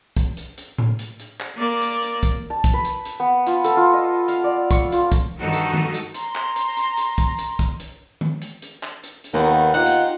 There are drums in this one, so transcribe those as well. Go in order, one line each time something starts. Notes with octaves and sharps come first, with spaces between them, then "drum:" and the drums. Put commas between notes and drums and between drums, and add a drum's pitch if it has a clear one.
drum: kick, hi-hat
drum: hi-hat
drum: hi-hat
drum: tom A2
drum: hi-hat
drum: hi-hat
drum: clap
A#3 D5
drum: hi-hat
drum: hi-hat
drum: kick, hi-hat
A5
drum: kick, hi-hat
B4
drum: hi-hat
drum: hi-hat
B3
F4, drum: hi-hat
A4, drum: hi-hat
F4
D#5
F5, drum: hi-hat
D5
C#6, drum: kick, hi-hat
F4, drum: hi-hat
drum: kick, hi-hat
G2 D#3 D#4 F#4 A4
drum: hi-hat
drum: tom D#3
drum: hi-hat
A#5 C6, drum: hi-hat
drum: clap
drum: hi-hat
drum: hi-hat
drum: hi-hat
drum: kick, hi-hat
drum: hi-hat
drum: kick, hi-hat
drum: hi-hat
drum: tom D#3
drum: hi-hat
drum: hi-hat
drum: clap
drum: hi-hat
drum: hi-hat
D#2 D#3 A#3 B3
D#4 F4 G4 F#5
drum: hi-hat